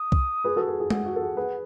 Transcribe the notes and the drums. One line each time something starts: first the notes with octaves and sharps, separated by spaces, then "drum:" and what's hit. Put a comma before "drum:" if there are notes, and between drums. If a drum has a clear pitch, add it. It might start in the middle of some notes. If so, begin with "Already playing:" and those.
Already playing: D#6
drum: kick C2
G#4 B4
F#4 A4
G#4
G#4
G#4 F#5, drum: tom G#3
F#4
A4
G#4
G#4 B4